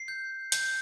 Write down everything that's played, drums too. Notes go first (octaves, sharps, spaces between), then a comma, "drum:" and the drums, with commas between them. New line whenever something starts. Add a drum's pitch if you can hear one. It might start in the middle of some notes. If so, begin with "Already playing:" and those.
Already playing: C7
G6
G6, drum: hi-hat